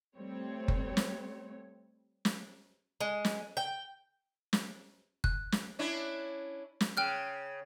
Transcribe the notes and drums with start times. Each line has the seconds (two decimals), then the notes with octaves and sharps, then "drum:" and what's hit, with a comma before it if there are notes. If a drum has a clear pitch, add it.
0.16 G3 A3 C4 C#5
0.68 drum: kick F#1
0.97 drum: snare
2.25 drum: snare
3.01 G#3
3.25 drum: snare
3.57 G5
4.53 drum: snare
5.24 F#6, drum: kick F#1
5.52 drum: snare
5.79 C#4 D4 E4
6.81 drum: snare
6.97 C#3 G5 F6 F#6